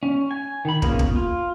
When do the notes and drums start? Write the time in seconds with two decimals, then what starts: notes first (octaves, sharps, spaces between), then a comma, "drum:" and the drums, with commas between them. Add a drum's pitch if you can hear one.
0.03 C#4
0.31 G#5
0.65 D#3 B5
0.82 A#3 B3 C#4 F4 G#4, drum: kick
0.99 drum: kick
1.16 F4